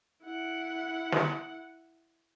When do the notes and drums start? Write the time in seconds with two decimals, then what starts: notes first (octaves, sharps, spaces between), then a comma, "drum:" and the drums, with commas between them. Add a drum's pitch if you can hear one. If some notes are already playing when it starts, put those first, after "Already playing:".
0.23 E4 F#5
1.12 drum: snare